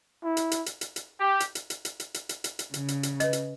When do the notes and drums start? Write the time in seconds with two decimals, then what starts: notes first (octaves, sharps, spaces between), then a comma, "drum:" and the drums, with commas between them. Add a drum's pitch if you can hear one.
0.24 E4
0.37 drum: hi-hat
0.52 drum: hi-hat
0.66 drum: hi-hat
0.81 drum: hi-hat
0.96 drum: hi-hat
1.20 G4
1.40 drum: hi-hat
1.55 drum: hi-hat
1.70 drum: hi-hat
1.85 drum: hi-hat
2.00 drum: hi-hat
2.14 drum: hi-hat
2.29 drum: hi-hat
2.44 drum: hi-hat
2.59 drum: hi-hat
2.74 C#3, drum: hi-hat
2.88 drum: hi-hat
3.03 drum: hi-hat
3.20 B4 D#5, drum: hi-hat
3.33 drum: hi-hat